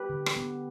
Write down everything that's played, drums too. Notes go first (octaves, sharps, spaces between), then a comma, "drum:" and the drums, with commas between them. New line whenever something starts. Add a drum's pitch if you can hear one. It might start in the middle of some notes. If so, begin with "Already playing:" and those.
Already playing: G4 B4
D3
drum: rim click
B3